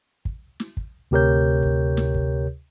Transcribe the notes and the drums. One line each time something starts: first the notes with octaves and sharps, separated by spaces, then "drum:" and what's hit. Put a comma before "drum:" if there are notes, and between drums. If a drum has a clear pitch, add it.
drum: kick
drum: snare
drum: kick
D2 C3 G4 A#4 C#5 G6
drum: kick
drum: snare
drum: kick